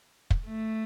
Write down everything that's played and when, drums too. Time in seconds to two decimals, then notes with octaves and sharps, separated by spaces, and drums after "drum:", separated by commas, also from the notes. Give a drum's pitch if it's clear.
0.30 drum: kick
0.46 A3